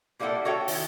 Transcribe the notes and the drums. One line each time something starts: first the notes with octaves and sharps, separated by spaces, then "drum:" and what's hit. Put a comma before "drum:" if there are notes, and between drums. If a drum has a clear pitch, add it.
A#2 G3 A#3 E4 A4 F#5
F#4 A4 C#5 E5 F#5 G5
D#3 E4, drum: open hi-hat